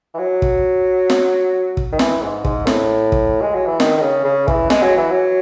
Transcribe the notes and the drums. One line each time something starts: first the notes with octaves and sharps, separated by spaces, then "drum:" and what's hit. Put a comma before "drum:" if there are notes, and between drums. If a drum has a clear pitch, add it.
E3
F#3
drum: kick
drum: snare
drum: kick
D#3
E3, drum: snare
G#2
G#2, drum: kick
A2, drum: snare
drum: kick
G#3
F#3
E3
D#3, drum: snare
D#3
C#3
C#3
E3, drum: kick
G#3, drum: snare
F#3
E3
F#3